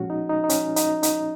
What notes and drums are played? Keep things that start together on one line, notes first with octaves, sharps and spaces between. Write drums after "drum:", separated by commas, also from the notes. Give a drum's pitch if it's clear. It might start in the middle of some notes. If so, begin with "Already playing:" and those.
Already playing: A#2 F3 G#3 C#4 F#4
D#4
D#4
D#4
C#4, drum: hi-hat
D#4, drum: hi-hat
D#4, drum: hi-hat